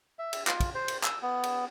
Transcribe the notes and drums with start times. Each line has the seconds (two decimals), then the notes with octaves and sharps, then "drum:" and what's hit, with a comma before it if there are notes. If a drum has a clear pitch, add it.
0.19 E5
0.33 drum: cymbal
0.47 F4, drum: clap
0.60 drum: kick, cymbal
0.75 C5
0.88 drum: cymbal
1.03 E6, drum: clap
1.22 B3
1.43 drum: cymbal